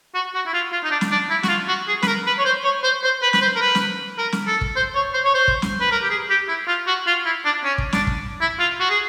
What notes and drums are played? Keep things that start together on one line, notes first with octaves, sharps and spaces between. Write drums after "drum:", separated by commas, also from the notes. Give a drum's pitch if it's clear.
F#4
F#4
E4
F4
F4
D#4
D4
drum: snare
D4
E4
F#4, drum: snare
F4
F#4
G#4
B4, drum: snare
A#4
B4
C#5
C5
C#5
C5
C5
B4
B4, drum: snare
C5
A#4
B4
drum: snare
A#4
drum: snare
A4
drum: kick
C5
C#5
C5
C#5
C5
drum: kick
drum: snare
B4
A#4
G4
G#4
G4
E4
F4
F#4
F4
E4
D4
C#4
drum: kick
D4, drum: snare
drum: kick
E4
F4
F#4
G#4